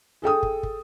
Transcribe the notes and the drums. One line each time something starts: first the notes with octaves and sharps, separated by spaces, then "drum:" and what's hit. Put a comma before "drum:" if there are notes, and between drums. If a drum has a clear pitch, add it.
G#4 A4 G5 D#6
drum: kick
drum: kick